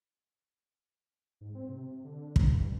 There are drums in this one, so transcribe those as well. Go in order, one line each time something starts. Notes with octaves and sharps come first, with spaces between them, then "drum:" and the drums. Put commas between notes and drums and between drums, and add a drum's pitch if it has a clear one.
G#2
C4
C3
D3
D#1, drum: kick
G2